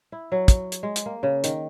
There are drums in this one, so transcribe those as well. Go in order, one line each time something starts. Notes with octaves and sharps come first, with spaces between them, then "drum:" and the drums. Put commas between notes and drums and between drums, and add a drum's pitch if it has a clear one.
E4
F#3
drum: kick, hi-hat
drum: hi-hat
G#3
drum: hi-hat
A#3
C#3
D#3, drum: hi-hat